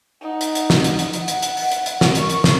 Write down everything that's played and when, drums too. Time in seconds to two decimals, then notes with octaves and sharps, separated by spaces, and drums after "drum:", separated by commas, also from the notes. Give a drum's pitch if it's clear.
0.22 D#4 F#5
0.41 drum: hi-hat
0.55 drum: hi-hat
0.70 drum: snare
0.84 drum: hi-hat
0.99 drum: hi-hat
1.13 drum: hi-hat
1.28 F#5, drum: hi-hat
1.42 drum: hi-hat
1.57 drum: open hi-hat
1.72 drum: hi-hat
1.86 drum: hi-hat
2.01 A#4 C#6, drum: snare
2.15 drum: hi-hat
2.30 drum: hi-hat
2.44 drum: snare